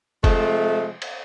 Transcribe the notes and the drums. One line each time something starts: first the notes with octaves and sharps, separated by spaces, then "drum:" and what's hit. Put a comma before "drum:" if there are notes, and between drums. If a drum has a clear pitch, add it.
C3 F3 G#3 A3, drum: kick F1, cymbal
drum: cymbal